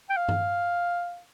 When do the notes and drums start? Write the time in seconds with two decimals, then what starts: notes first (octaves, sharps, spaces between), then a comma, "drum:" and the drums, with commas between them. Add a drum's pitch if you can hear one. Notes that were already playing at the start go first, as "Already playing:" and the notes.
0.09 G5
0.17 F5
0.29 drum: tom G2